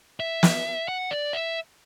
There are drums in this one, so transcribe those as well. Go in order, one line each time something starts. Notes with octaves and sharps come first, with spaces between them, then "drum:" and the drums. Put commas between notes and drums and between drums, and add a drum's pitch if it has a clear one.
E5
drum: snare
F#5
D5
E5